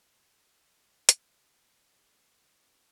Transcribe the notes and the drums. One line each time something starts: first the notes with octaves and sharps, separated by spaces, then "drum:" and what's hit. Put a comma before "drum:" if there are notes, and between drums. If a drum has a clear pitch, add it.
A#1 F#7
drum: hi-hat
G4 A4 C#5 D#5
G#1 A#2 D3 D#6 F6
C4 C#4 E4